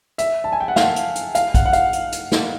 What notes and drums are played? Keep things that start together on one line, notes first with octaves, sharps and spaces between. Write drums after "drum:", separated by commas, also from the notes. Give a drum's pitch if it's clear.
E5, drum: hi-hat
A5
G#5
G5
F#5
F5, drum: snare
drum: hi-hat
drum: hi-hat
F5, drum: hi-hat
F#5, drum: kick A#1, hi-hat
F#5
F5, drum: hi-hat
drum: hi-hat
drum: hi-hat
drum: snare